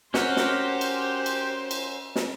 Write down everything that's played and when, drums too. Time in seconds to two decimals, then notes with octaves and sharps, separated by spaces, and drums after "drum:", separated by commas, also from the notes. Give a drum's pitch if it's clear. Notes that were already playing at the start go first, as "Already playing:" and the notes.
0.14 C#4 F#4 G4 A#4 C5, drum: snare
0.36 drum: snare
0.81 drum: cymbal
1.26 drum: cymbal
1.71 drum: cymbal
2.16 drum: snare